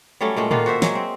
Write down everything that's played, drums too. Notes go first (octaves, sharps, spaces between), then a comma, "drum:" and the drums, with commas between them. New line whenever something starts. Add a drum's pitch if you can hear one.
F#3 G3 A3 C#4
A#2 G#3 A3
D#3 A#3 F4 F#4, drum: tom A2
F#4 C5 E5
F#3 G#3 F#4, drum: snare
C4